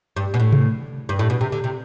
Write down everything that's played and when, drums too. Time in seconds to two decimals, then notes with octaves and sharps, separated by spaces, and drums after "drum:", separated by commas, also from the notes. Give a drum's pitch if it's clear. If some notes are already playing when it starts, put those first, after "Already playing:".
0.16 G2
0.34 B2
0.39 A2
0.53 drum: tom C3
1.09 G2
1.19 A2
1.30 B2
1.41 C3
1.52 D3
1.64 C3